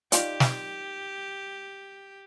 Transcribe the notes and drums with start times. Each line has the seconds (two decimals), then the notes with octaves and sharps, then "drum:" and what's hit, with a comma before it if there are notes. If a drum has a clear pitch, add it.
0.12 D#3 F4 G4 D5, drum: hi-hat
0.40 drum: snare